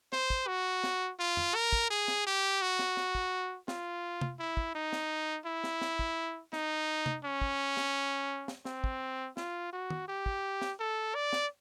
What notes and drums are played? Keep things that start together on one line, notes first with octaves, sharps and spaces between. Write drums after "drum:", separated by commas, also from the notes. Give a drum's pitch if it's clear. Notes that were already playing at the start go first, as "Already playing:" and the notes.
C5, drum: snare
drum: kick
F#4
drum: snare
F4
drum: tom F2
A#4
drum: kick
G#4
drum: snare
G4
F#4
drum: snare
drum: snare
drum: kick
F4, drum: snare
drum: tom C3
E4
drum: kick
D#4
drum: snare
E4
drum: snare
drum: snare
drum: kick
D#4, drum: snare
drum: tom C3
C#4
drum: kick
drum: snare
drum: snare
C4, drum: snare
drum: kick
F4, drum: snare
F#4
drum: tom
G4
drum: kick
drum: snare
A4
D5
drum: snare